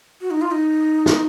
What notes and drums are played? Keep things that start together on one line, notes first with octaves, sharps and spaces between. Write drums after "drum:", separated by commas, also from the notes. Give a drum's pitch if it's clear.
F#4
D#4
F4
D#4
drum: snare